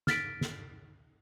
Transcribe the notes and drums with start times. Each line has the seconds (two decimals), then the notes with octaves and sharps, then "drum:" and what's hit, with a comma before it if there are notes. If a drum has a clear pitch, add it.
0.07 F6 A6 B6 D7, drum: snare
0.41 drum: snare